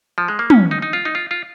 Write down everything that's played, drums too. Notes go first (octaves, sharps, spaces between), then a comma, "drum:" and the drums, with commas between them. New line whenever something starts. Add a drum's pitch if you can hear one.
F3
G#3
A#3
C#4, drum: tom
D#4
D#4
F4
D#4
F4
F4